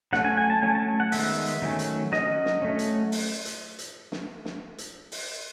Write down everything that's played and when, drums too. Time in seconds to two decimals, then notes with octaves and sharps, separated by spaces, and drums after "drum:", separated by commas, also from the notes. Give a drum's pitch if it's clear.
0.13 F#3 A3 C#4 F#5, drum: snare
0.25 G#5
0.37 G#5
0.50 A5
0.62 F#3 A3 C#4 G#5
0.75 A5
1.00 F#5
1.12 D#3 G#3 B3 E5, drum: open hi-hat
1.46 drum: hi-hat
1.62 D#3 F#3 A3 C#4
1.79 drum: hi-hat
2.12 F#3 C#4 D#5, drum: snare
2.45 drum: snare
2.62 F#3 A3 C#4
2.79 drum: hi-hat
3.12 drum: open hi-hat
3.45 drum: hi-hat
3.79 drum: hi-hat
4.12 drum: snare
4.45 drum: snare
4.78 drum: hi-hat
5.12 drum: open hi-hat